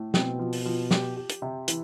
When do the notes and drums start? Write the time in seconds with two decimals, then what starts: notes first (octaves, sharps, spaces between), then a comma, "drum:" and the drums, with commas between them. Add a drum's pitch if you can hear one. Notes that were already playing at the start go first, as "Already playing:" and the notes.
Already playing: A2
0.14 B2 C4, drum: snare
0.39 F3
0.53 drum: open hi-hat
0.66 F3
0.91 G4, drum: snare
1.17 G4
1.29 drum: hi-hat
1.42 C3
1.68 E3, drum: hi-hat